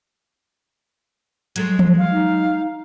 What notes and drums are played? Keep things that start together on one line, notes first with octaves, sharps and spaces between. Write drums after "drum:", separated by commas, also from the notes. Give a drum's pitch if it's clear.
F#3 G#3 A4, drum: hi-hat
drum: tom E3
F5
D#4